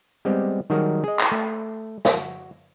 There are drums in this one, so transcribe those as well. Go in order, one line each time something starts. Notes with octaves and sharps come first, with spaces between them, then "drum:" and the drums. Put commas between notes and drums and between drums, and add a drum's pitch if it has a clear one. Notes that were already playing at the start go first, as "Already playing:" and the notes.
G3 G#3 B3 C4 G4
D#3 F#3 G3 F#4 G#4 A#4
G#4 D#5
drum: clap
A3
F#4, drum: snare